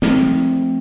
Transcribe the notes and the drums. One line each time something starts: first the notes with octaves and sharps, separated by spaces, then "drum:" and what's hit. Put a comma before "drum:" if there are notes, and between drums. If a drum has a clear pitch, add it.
F3 A3 C4, drum: snare